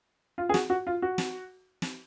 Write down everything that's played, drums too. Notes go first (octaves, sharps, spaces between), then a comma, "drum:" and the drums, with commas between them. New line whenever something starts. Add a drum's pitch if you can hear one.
F4
G#4
F#4, drum: snare
F#4
F4
F#4
drum: snare
drum: snare